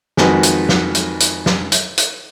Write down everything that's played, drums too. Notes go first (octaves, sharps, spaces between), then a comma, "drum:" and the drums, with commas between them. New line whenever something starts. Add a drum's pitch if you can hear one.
F2 D#3 G#3 F#4 B4, drum: snare
drum: hi-hat
drum: snare
drum: hi-hat
drum: hi-hat
drum: snare
drum: hi-hat
drum: hi-hat